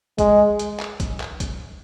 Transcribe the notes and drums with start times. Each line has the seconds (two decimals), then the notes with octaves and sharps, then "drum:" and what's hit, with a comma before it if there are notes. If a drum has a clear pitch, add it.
0.18 G#3, drum: kick, hi-hat
0.59 drum: hi-hat
0.80 drum: clap
1.00 drum: kick, hi-hat
1.20 drum: clap
1.40 drum: kick, hi-hat